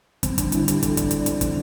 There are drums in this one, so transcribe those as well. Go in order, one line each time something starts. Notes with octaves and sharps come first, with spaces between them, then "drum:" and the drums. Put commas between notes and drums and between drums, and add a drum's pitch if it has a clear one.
D3 G3 C4, drum: kick, hi-hat
D4, drum: kick, hi-hat
E4, drum: hi-hat
G4, drum: hi-hat
A4, drum: kick, hi-hat
D5, drum: kick, hi-hat
D5, drum: hi-hat
C4, drum: hi-hat
C4, drum: kick, hi-hat